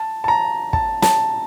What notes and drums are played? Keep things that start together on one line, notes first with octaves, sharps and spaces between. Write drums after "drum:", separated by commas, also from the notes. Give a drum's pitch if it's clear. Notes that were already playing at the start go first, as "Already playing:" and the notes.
Already playing: A5
A5
A#5
A5, drum: kick
A5, drum: snare